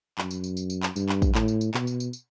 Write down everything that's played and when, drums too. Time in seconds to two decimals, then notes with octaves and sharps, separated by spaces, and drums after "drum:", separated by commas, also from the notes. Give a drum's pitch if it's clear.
0.18 F#2, drum: clap
0.31 drum: tambourine
0.44 drum: tambourine
0.57 drum: tambourine
0.70 drum: tambourine
0.83 drum: clap
0.96 G2, drum: tambourine
1.09 drum: clap
1.22 drum: kick, tambourine
1.35 A2, drum: clap
1.48 drum: tambourine
1.61 drum: tambourine
1.74 B2, drum: clap
1.87 drum: tambourine
2.00 drum: tambourine
2.13 drum: tambourine